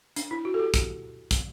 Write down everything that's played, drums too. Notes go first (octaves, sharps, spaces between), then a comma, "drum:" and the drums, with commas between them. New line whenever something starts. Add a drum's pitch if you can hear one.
D4, drum: hi-hat
E4
F#4
A4
G4
drum: kick, hi-hat
drum: kick, hi-hat